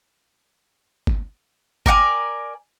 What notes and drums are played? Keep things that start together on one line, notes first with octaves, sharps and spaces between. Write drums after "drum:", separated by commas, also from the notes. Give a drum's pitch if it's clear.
drum: kick G1
A#4 D5 F#5 G#5, drum: kick G1